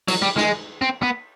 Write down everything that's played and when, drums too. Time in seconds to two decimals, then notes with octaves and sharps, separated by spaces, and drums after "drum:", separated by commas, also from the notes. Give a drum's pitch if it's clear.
0.08 F#3, drum: cymbal
0.22 G3
0.37 G#3, drum: snare
0.82 C4
1.03 B3